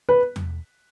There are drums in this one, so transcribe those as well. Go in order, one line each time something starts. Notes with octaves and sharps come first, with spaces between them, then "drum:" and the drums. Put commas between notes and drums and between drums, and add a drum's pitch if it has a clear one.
B4
drum: tom E2